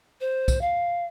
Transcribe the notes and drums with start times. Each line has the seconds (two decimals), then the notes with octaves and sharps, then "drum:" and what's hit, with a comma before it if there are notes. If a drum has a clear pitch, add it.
0.21 C5
0.48 drum: kick, tambourine
0.61 F5